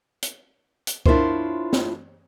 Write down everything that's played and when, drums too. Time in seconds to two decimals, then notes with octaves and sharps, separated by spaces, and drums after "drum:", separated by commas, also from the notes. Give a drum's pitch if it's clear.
0.22 drum: hi-hat
0.87 drum: hi-hat
1.06 D4 E4 F4 A#4 C5 C#5, drum: kick C#2
1.73 drum: snare